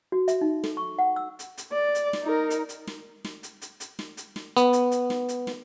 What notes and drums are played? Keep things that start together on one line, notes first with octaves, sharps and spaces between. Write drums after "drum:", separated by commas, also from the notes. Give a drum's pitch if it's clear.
F#4
E5, drum: hi-hat
D#4
A4, drum: snare
C#6
F#5
E6
drum: hi-hat
drum: hi-hat
D5
drum: hi-hat
drum: snare
D#4 A#4
drum: hi-hat
drum: hi-hat
drum: snare
drum: snare
drum: hi-hat
drum: hi-hat
drum: hi-hat
drum: snare
drum: hi-hat
drum: snare
B3, drum: hi-hat
drum: hi-hat
drum: hi-hat
drum: snare
drum: hi-hat
drum: snare